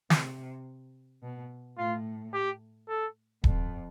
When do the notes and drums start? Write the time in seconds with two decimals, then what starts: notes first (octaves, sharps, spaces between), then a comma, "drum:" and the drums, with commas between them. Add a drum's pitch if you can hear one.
0.10 C3, drum: snare
1.23 B2
1.78 A2 F4
2.34 G4
2.89 A4
3.44 F2, drum: kick D#1